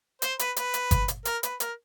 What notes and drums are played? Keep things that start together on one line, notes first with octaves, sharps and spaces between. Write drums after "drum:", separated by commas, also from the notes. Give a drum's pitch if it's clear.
C5, drum: hi-hat
B4, drum: hi-hat
B4, drum: hi-hat
drum: hi-hat
drum: kick G1, hi-hat
drum: hi-hat
A#4, drum: hi-hat
B4, drum: hi-hat
A#4, drum: hi-hat